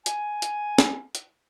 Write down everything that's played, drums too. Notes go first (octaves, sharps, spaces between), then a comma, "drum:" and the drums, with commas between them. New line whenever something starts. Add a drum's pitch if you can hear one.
G#5, drum: hi-hat
drum: hi-hat
drum: snare
drum: hi-hat